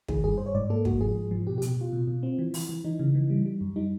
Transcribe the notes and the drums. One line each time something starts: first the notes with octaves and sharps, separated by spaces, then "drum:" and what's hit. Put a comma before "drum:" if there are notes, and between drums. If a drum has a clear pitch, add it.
D#3 G#4, drum: kick
G2 G#4
G2 C5
C#5
G#2 D5
A#3 A4
G#2 F#4, drum: kick
F3 G#4
G#2
F3
B2 G4
G4
B2, drum: hi-hat
B2 F4
B2
B2
C4
E3
E3, drum: open hi-hat
E3
E3 D#4
C#3
E3
G3
G3
F#2
G3 D#4